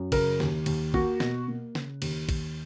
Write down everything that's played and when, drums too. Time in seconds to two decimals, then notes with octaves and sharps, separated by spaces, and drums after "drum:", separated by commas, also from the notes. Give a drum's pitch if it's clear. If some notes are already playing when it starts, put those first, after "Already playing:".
Already playing: F#2
0.12 C#3 A#4, drum: kick, cymbal
0.40 D#2, drum: snare
0.66 D#2, drum: cymbal
0.94 A#3 F#4, drum: kick
1.20 B2, drum: snare
1.48 A#3
1.75 C#3, drum: snare
2.02 D#2, drum: cymbal
2.29 D#2, drum: kick, cymbal